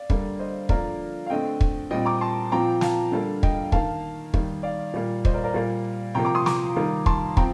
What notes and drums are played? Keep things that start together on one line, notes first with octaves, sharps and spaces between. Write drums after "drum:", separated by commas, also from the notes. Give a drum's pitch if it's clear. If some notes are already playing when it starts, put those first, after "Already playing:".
Already playing: D5 F5
D3 G3 A#3, drum: kick
C5 D#5
D3 F3 A#3 A#4 D5, drum: kick
F5
D3 A3 C4 D#5 G5
drum: kick
A#2 G3 C4 D#5 G5
A#5 D6
A5 C6
A#2 F3 C4 G5 A#5
F5 A5, drum: snare
D3 G3 A#3
D#5 G5, drum: kick
D#3 A#3 F5 A5, drum: kick
D#3 G3 A#3, drum: kick
D5 F5
A#2 G3 A#3
C5 D#5, drum: kick
A#4 D5
A#4 D5
A#2 G3 A#3
C3 F3 A#3 G5 A#5
A#5 D6
C6 D#6
A#5 D6, drum: snare
D#3 G3 A#3
A5 C6, drum: kick
F3 C4 G5 A#5, drum: kick